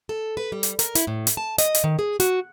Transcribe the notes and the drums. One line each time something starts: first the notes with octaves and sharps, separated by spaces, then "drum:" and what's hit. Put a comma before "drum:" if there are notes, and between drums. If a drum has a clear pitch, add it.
A4
B4
G3
drum: hi-hat
A#4, drum: hi-hat
E4, drum: hi-hat
A2
drum: hi-hat
A5
D#5, drum: hi-hat
drum: hi-hat
D#3
G#4
F#4, drum: hi-hat